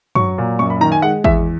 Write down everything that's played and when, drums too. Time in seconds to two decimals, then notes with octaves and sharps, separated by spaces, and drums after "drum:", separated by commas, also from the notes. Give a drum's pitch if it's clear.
0.15 F#3 C#6, drum: tom
0.38 A#2
0.59 F#2 C#6
0.70 B5
0.81 D#3 A#5
0.92 G#5
1.02 G#3 F#5
1.24 E2 E5, drum: kick G#1